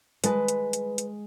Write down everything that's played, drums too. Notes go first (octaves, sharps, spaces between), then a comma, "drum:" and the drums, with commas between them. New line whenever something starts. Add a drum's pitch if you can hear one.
G#3 B4 A5, drum: hi-hat
drum: hi-hat
drum: hi-hat
drum: hi-hat